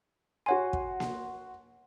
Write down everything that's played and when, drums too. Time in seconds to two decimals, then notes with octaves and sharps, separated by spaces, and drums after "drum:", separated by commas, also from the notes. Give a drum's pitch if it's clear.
0.46 F#4 C#5 F#5 G#5 C6
0.73 drum: kick
1.00 drum: snare A#3